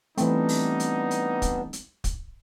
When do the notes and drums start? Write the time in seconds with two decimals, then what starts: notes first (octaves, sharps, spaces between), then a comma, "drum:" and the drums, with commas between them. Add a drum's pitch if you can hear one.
0.18 E3 G3 A3 B3 C4 D4 D#4, drum: hi-hat
0.49 drum: open hi-hat
0.80 drum: hi-hat
1.11 drum: hi-hat
1.42 drum: kick, hi-hat
1.73 drum: hi-hat
2.04 drum: kick, hi-hat